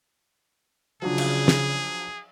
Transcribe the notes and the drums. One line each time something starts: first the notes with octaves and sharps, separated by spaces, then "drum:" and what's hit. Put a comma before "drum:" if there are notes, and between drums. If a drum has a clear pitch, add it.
C#3 F3 F#3 D4 G#4
drum: cymbal
drum: snare